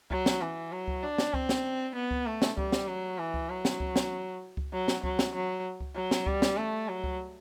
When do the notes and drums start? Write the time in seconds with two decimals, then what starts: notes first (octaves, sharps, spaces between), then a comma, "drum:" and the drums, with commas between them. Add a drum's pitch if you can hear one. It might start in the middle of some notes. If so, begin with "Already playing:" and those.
0.11 F#3, drum: kick C#2
0.26 drum: snare
0.41 E3
0.72 F#3
0.88 drum: kick C#2
1.03 D4
1.18 drum: snare
1.34 C4, drum: kick C#2
1.49 drum: snare
1.95 B3
2.11 drum: kick C#2
2.26 A3
2.42 drum: snare
2.58 G3, drum: kick C#2
2.72 drum: snare
2.88 F#3
3.19 E3
3.34 drum: kick C#2
3.49 F#3
3.65 drum: snare
3.80 drum: kick C#2
3.96 drum: snare
4.57 drum: kick C#2
4.73 F#3
4.88 drum: snare
5.04 F#3, drum: kick C#2
5.19 drum: snare
5.35 F#3
5.80 drum: kick C#2
5.96 F#3
6.11 drum: snare
6.27 G3, drum: kick C#2
6.42 drum: snare
6.57 A3
6.88 F#3
7.04 drum: kick C#2